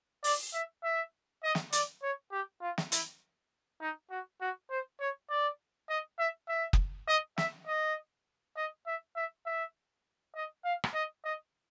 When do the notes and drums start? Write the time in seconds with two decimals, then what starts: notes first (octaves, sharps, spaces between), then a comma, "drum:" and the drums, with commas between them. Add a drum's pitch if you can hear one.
0.24 D5, drum: open hi-hat
0.54 E5
0.84 E5
1.44 D#5
1.55 drum: snare
1.72 D5, drum: hi-hat
2.03 C#5
2.32 G4
2.62 F4
2.78 drum: snare
2.92 E4, drum: hi-hat
3.81 D#4
4.11 F#4
4.41 F#4
4.70 C5
5.00 C#5
5.30 D5
5.89 D#5
6.19 E5
6.49 E5
6.73 drum: kick
7.08 D#5
7.38 E5, drum: snare
7.67 D#5
8.56 D#5
8.87 E5
9.16 E5
9.46 E5
10.35 D#5
10.65 F5
10.84 drum: rim click
10.94 D#5
11.24 D#5